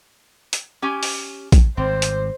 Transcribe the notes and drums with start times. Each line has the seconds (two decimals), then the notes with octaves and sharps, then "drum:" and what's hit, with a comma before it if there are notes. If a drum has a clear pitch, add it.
0.53 drum: hi-hat
0.82 C#4 G4 G#5
1.03 drum: open hi-hat
1.52 drum: kick, hi-hat
1.77 G#1 G3 C4 C5
2.02 drum: hi-hat